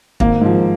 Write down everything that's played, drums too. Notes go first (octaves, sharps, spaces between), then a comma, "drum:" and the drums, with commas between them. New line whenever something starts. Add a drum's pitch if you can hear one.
G#1 A#3, drum: kick
G#2 F3